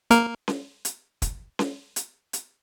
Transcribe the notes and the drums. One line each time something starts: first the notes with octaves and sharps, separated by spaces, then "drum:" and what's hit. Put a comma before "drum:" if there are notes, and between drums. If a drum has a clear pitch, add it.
A#3 A#4, drum: hi-hat
drum: snare C#4
drum: hi-hat
drum: kick, hi-hat
drum: snare C#4
drum: hi-hat
drum: hi-hat